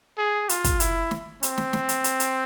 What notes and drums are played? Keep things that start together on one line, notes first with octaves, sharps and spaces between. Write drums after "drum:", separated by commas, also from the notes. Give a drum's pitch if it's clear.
G#4
F4, drum: hi-hat
drum: kick, hi-hat
E4, drum: hi-hat
drum: snare
C4, drum: hi-hat
drum: snare
drum: snare
drum: hi-hat
drum: hi-hat
drum: hi-hat